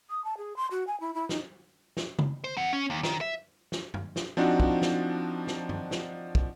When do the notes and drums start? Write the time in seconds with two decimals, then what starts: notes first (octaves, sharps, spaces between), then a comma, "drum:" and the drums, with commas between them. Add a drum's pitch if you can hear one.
0.10 D#6
0.24 A5
0.37 G#4
0.56 C6
0.71 F#4
0.87 G#5
1.00 E4
1.14 E4
1.29 D#4, drum: snare
1.97 drum: snare
2.19 drum: tom C#3
2.44 C5
2.57 C4 F#5
2.73 C#4
2.90 D#2
3.03 D#3, drum: snare
3.21 E5
3.72 drum: snare
3.94 drum: tom G2
4.16 drum: snare
4.37 F3 C4 D4 D#4 F#4
4.60 drum: kick
4.82 drum: snare
5.47 drum: snare
5.69 drum: tom G2
5.91 drum: snare
6.35 drum: kick